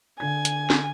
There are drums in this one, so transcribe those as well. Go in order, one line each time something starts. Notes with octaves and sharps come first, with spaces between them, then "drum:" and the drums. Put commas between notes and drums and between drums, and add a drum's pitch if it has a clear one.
D3 G#5 G#6
drum: hi-hat
drum: snare